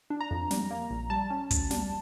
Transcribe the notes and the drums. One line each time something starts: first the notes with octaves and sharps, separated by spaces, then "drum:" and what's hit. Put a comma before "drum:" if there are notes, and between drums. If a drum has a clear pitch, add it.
D4
A#5
F2
G3, drum: snare
A#3
A#1
G3 A5
C#4
D2, drum: kick, hi-hat
G3, drum: snare